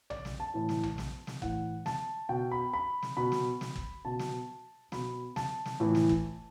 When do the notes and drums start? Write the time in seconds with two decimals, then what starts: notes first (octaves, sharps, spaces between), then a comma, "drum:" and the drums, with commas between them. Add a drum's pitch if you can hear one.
0.10 D5, drum: tom A#1
0.25 drum: snare
0.40 A5
0.54 A2 E3
0.69 drum: snare
0.83 drum: tom A#1
0.98 drum: snare
1.27 drum: snare
1.42 A2 E3 F#5, drum: kick G1
1.86 A5, drum: snare
2.29 B2 G5
2.51 B5
2.73 B5
3.02 drum: snare
3.17 B2 B5
3.32 drum: snare
3.61 drum: snare
3.76 drum: kick G1
4.05 B2 A5
4.19 drum: snare
4.92 B2 B5, drum: snare
5.36 A5, drum: snare
5.65 drum: snare
5.80 A2 E3
5.95 drum: snare
6.09 drum: kick G1